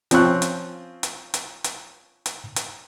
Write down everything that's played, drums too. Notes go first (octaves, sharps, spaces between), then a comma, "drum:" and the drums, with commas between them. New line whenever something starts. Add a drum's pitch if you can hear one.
F3 C4 C#4 F4 C#6 F#6, drum: hi-hat
drum: hi-hat
drum: hi-hat
drum: hi-hat
drum: hi-hat
drum: hi-hat
drum: hi-hat